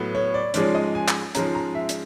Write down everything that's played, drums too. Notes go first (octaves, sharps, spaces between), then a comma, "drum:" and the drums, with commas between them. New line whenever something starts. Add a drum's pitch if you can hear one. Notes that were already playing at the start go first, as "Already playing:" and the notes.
Already playing: A2 F#3 B3
C#5
D5
G#2 F3 G#3 C#4 D5, drum: hi-hat
D#5
G#5
drum: clap
G#2 F3 G#3 C#4 A#5, drum: hi-hat
A#5
E5
drum: hi-hat